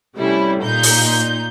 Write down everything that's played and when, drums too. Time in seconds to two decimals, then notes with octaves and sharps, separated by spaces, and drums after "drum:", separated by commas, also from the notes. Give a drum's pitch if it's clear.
0.16 C3 G3 A3 C#4 E4
0.61 A#2 D#4 G6
0.83 drum: open hi-hat